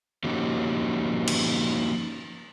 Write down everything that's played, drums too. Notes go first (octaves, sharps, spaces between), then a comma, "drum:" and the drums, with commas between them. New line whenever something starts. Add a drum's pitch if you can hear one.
F3 A#3 C#4 D#4 F#4 G4
drum: cymbal